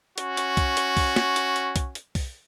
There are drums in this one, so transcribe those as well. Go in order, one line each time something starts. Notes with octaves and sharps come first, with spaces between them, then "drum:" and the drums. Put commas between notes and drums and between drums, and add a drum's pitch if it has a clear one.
C#4 F#4, drum: hi-hat
drum: hi-hat
drum: kick B1, hi-hat
drum: hi-hat
drum: kick B1, open hi-hat
drum: snare
drum: hi-hat
drum: hi-hat
drum: kick B1, hi-hat
drum: hi-hat
drum: kick B1, open hi-hat